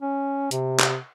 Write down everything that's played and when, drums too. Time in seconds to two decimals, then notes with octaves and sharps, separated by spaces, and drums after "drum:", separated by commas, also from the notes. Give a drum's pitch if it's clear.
0.01 C#4
0.51 C3, drum: hi-hat
0.80 drum: clap